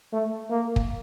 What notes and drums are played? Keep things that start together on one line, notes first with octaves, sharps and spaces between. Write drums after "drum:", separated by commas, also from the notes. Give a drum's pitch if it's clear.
A3
A#3
drum: kick